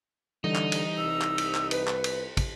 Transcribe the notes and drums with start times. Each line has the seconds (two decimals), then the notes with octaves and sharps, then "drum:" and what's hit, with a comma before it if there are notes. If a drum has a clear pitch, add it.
0.44 D3 E3 G3 D#4
0.55 drum: clap
0.72 drum: cymbal
0.98 C2 E6
1.22 drum: clap
1.38 drum: cymbal
1.55 drum: clap
1.71 B4, drum: cymbal
1.88 drum: clap
2.04 drum: cymbal
2.37 drum: kick, cymbal